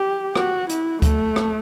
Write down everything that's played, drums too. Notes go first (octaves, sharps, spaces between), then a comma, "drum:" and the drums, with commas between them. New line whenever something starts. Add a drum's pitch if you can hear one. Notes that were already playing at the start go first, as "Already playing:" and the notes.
Already playing: G4
F#4, drum: rim click
E4, drum: hi-hat
A3, drum: kick D2, hi-hat
drum: rim click